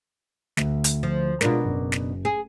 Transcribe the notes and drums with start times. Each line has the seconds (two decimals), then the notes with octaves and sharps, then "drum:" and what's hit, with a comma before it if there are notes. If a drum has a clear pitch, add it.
0.57 D2, drum: snare
0.84 drum: hi-hat
1.03 F3
1.41 B2 G#3 D4 F4 A#4, drum: snare
1.65 F#1
1.92 drum: snare
2.25 G#4